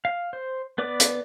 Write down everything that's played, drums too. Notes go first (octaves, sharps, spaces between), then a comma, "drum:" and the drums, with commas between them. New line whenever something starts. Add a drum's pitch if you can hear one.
F5
C5
B3 B4 D5 D6
drum: hi-hat